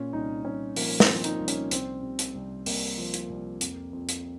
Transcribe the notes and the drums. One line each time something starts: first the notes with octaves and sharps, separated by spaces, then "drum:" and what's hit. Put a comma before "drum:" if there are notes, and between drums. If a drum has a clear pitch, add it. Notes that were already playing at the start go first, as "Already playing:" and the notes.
Already playing: A#2 C#4
C2 D#4
C2 C#4
F3 A#3, drum: open hi-hat
C4, drum: snare
F3
D#4, drum: hi-hat
C2
C#4, drum: hi-hat
C2 C4, drum: hi-hat
C3
drum: hi-hat
C2
C2 A#3, drum: open hi-hat
F3
drum: hi-hat
C2
F2, drum: hi-hat
F2
drum: hi-hat